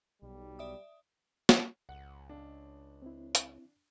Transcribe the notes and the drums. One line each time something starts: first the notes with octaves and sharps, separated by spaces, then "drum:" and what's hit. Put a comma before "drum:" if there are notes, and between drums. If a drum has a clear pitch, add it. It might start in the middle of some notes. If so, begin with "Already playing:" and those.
B1 G3
D5 E5 D#6
drum: snare
C#2 F#5
D4
C4 E4
drum: hi-hat